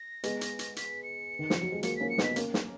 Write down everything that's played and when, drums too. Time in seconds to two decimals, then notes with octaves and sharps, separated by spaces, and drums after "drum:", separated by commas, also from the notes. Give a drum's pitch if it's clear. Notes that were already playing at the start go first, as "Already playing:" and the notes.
Already playing: A#6
0.23 G#3 B3, drum: hi-hat
0.41 drum: hi-hat
0.59 drum: hi-hat
0.76 B6, drum: hi-hat
1.03 C#7
1.39 D#3
1.50 F3, drum: snare
1.61 F#3
1.72 G#3
1.83 F#3 A#3 C#7, drum: hi-hat
1.96 A#3 C#4 B6
2.10 C#7
2.18 B3 D#4 B6, drum: snare
2.36 A#3 C#4, drum: hi-hat
2.54 drum: snare